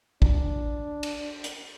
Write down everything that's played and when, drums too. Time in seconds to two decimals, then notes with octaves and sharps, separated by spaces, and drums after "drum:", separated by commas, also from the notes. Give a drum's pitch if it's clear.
0.22 D4, drum: kick
1.03 drum: cymbal
1.44 drum: hi-hat